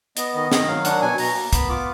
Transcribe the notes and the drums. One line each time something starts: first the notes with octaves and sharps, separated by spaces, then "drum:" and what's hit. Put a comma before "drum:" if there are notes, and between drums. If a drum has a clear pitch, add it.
B3 D#5, drum: hi-hat
D#3 D#5
D#3 D#5, drum: snare
F#3 F5
D4 F#5, drum: hi-hat
B2 G#5
B2 A#5, drum: open hi-hat
A#3
B3 B5, drum: kick, hi-hat
F4 D6